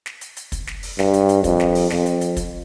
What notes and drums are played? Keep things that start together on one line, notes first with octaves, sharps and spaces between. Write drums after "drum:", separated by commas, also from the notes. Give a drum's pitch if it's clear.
drum: snare
drum: hi-hat
drum: hi-hat
drum: kick, hi-hat
drum: snare
drum: open hi-hat
G2, drum: snare
drum: hi-hat
drum: hi-hat
F2, drum: kick, hi-hat
drum: snare
drum: open hi-hat
F2, drum: snare
drum: hi-hat
drum: hi-hat
drum: kick, hi-hat